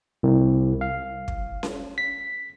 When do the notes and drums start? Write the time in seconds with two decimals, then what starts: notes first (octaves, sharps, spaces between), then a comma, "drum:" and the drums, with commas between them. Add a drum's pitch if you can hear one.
0.23 C2
0.81 F5
1.28 drum: kick
1.63 drum: snare C#4
1.98 B6